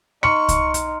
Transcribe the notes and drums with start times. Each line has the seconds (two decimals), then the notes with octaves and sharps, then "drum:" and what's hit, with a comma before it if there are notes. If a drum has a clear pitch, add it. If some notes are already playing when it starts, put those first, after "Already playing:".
0.23 D#4 A#5 C6 C#6 F6 C#7
0.49 drum: kick C2, hi-hat
0.74 drum: hi-hat